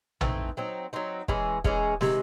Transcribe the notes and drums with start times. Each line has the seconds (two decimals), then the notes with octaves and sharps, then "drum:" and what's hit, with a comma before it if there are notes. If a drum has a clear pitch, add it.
0.21 E3 A3 C4 D#4, drum: tom
0.57 F#3 C4 D#4
0.93 F#3 C4 D#4
1.28 E3 G#3 C#4 G#4, drum: kick
1.64 E3 G#3 C#4 G#4, drum: kick
2.01 C3 D#3 G#3, drum: snare